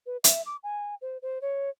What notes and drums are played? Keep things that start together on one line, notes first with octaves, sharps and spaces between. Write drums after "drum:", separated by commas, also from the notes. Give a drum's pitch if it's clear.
B4
E5, drum: hi-hat
D6
G#5
C5
C5
C#5